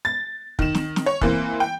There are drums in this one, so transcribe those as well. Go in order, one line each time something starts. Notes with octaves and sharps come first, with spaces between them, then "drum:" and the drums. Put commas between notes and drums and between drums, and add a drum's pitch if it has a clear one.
A6
D#3 E7, drum: kick
drum: snare
drum: snare
C#5
E3 A#3 C4, drum: kick
G5